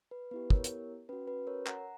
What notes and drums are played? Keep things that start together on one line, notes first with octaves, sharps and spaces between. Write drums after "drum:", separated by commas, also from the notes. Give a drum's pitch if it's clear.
B4
B3 E4 G4 B4
A#4 C#5, drum: kick
drum: hi-hat
C#4 F#4 B4
B4
A#4 C#5
F#5 A#5, drum: clap